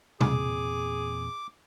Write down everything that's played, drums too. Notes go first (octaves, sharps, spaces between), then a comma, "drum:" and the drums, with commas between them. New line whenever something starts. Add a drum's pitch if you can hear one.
E2 A#2 C4 G#4 D6, drum: tom B2